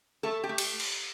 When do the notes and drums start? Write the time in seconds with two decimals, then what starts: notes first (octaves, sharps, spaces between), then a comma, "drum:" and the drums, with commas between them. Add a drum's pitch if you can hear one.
0.23 A3 A4
0.44 G4
0.49 A3
0.58 drum: cymbal
0.80 drum: cymbal